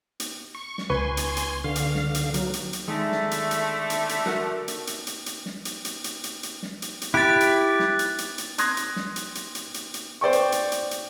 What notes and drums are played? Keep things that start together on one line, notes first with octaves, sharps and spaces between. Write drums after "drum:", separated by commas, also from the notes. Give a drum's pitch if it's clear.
drum: hi-hat
C#6
drum: snare
C#2 B4 G#5 C6 C#6
drum: hi-hat
drum: hi-hat
D3 F5
drum: hi-hat
drum: snare
drum: hi-hat
F#3, drum: hi-hat
drum: hi-hat
drum: hi-hat
D3 D#3 G#3 A3
drum: snare
drum: hi-hat
drum: hi-hat
drum: hi-hat
drum: hi-hat
F#4 A#4 F#5, drum: snare
drum: hi-hat
drum: hi-hat
drum: hi-hat
drum: hi-hat
drum: snare
drum: hi-hat
drum: hi-hat
drum: hi-hat
drum: hi-hat
drum: hi-hat
drum: snare
drum: hi-hat
drum: hi-hat
E4 G4 F#6 A6
drum: hi-hat
drum: snare
drum: hi-hat
drum: hi-hat
drum: hi-hat
C6 D#6 F#6 G#6 A#6, drum: hi-hat
drum: hi-hat
drum: snare
drum: hi-hat
drum: hi-hat
drum: hi-hat
drum: hi-hat
drum: hi-hat
C5 D5 G5 C#6
drum: hi-hat
drum: hi-hat
drum: hi-hat
drum: hi-hat